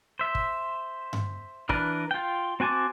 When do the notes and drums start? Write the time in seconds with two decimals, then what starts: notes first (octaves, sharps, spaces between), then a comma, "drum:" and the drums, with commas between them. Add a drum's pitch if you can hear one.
0.19 C5 E5
0.35 drum: kick
1.13 drum: tom G2
1.69 E3 D4 A#4 B4, drum: kick
2.11 F4 G5
2.60 C4 F#4 G#5 A5 D6